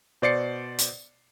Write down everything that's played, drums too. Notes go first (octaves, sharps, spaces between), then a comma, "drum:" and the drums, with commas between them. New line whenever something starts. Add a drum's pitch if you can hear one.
B2 C5 D5 A6 C7 C#7
drum: hi-hat